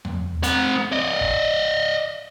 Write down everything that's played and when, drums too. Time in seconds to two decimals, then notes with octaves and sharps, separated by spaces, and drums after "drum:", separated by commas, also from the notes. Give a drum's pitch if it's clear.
0.05 drum: tom E2
0.43 C4 F#5, drum: hi-hat
0.92 D5 D#5
1.21 drum: kick G1